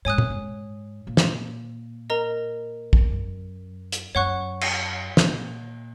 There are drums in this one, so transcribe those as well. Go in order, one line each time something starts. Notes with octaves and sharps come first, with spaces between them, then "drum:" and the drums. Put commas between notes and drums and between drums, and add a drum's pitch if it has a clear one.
G#2 C#5 G#5 D#6 F#6
F#2, drum: tom
G#2
A#2
drum: snare
A#4 D#5 A#5
drum: kick
F#2
drum: hi-hat
F#2 C#5 F#5 C#6 F#6
drum: cymbal
A#2, drum: snare